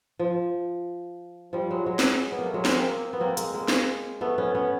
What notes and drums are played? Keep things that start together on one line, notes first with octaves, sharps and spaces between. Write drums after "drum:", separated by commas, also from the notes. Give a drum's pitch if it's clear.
F3
F3 G3
F#3 G#3
F#3 G#3
drum: snare
B3
A#3
A3
F#3 G#3
G#3 A#3, drum: snare
A#3 C4
B3
A#3 C4
G#3 A#3, drum: hi-hat
G#3 A#3
drum: snare
A3 B3
B3 C#4
B3 C#4